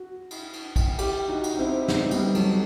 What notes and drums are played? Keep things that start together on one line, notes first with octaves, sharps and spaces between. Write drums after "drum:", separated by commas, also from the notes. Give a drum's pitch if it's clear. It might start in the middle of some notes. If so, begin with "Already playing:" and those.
Already playing: F#4
drum: cymbal
drum: cymbal
drum: kick, cymbal
E4 G4, drum: cymbal
D#4 F#4
drum: cymbal
D#4
C4 E4
B3 D#4, drum: snare
G3 B3, drum: cymbal
F#3 A3, drum: cymbal